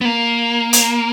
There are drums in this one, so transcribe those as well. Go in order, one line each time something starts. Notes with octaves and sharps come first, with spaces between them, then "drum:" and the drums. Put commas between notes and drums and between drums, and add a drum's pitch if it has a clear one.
B3
A#3
drum: hi-hat